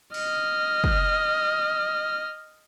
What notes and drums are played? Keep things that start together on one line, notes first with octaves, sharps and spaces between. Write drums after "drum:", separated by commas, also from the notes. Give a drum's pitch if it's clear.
D#5 F6, drum: cymbal
drum: kick